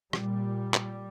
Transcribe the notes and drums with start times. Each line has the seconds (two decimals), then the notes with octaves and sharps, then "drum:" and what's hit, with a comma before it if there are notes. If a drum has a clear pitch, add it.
0.13 A#2 G3, drum: rim click
0.74 drum: clap